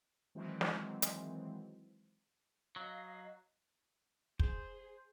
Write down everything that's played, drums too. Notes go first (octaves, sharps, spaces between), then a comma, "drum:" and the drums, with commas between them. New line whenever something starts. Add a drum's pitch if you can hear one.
D#3 E3 F#3 G#3 C4
drum: snare
drum: hi-hat
F#3 D#5 F5
G#4 C5, drum: kick